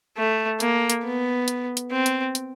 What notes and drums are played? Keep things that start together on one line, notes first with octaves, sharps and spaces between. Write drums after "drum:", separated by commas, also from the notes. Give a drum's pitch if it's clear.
A3
A#3, drum: hi-hat
drum: hi-hat
B3
drum: hi-hat
drum: hi-hat
C4
drum: hi-hat
drum: hi-hat